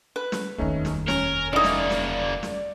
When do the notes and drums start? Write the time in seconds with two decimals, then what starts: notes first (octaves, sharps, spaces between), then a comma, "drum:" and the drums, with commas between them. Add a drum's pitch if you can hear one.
0.16 B4
0.32 drum: snare
0.58 F1 D#2 A3 C#4 D#4
0.85 drum: snare
1.08 C#4 A#4, drum: snare
1.53 C#3 A#3 D#4 E4 D5
1.64 drum: snare
1.90 drum: snare
2.43 drum: snare